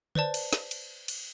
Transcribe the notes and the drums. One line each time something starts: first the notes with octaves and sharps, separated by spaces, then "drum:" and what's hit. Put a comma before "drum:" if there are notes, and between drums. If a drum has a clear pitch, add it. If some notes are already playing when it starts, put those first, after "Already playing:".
B4 C5 D5 A5, drum: tom
drum: cymbal
drum: snare
drum: cymbal
drum: cymbal